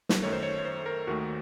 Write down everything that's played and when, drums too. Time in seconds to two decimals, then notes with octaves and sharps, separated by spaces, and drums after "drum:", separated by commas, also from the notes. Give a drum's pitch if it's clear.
0.09 drum: snare
0.22 F#2 D#3 A3 C#5
0.33 C5
0.43 C#5
0.59 C#5
0.65 C5
0.86 A#4
1.07 D#2 D#3 A3 F#4